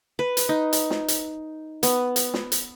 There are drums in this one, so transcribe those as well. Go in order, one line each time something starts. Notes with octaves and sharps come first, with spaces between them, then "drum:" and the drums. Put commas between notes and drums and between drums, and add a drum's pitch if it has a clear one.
B4
drum: hi-hat
D#4
drum: hi-hat
drum: snare
drum: hi-hat
B3, drum: hi-hat
drum: hi-hat
drum: snare
drum: hi-hat